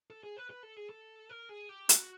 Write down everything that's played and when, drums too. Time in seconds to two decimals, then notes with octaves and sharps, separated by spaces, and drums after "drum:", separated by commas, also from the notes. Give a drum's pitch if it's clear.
0.10 A4
0.23 G#4
0.37 B4
0.50 B4
0.63 A4
0.77 G#4
0.89 A4
1.29 A#4
1.49 G#4
1.69 G4
1.89 F#4, drum: hi-hat